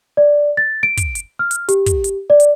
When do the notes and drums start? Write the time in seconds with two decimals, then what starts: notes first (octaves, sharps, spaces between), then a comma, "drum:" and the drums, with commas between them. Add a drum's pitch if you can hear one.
0.17 D5
0.57 A6
0.83 D7
0.97 drum: kick, hi-hat
1.15 drum: hi-hat
1.39 F6
1.51 drum: hi-hat
1.69 G4, drum: hi-hat
1.86 drum: kick, hi-hat
2.04 drum: hi-hat
2.30 D5
2.40 drum: hi-hat